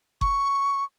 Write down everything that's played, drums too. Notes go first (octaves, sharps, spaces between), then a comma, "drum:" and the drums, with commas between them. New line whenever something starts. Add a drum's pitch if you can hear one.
C#6, drum: kick F#1